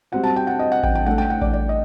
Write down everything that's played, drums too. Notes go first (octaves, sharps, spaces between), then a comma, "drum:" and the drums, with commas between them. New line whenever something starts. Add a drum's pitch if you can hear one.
G3 C4 F#4 F#5
A5
G5
F#5
D#5
F#5
G5, drum: kick A1
G5
A3 D4 A4 F#5
G5
F#5
D5, drum: kick A1
D5
D#5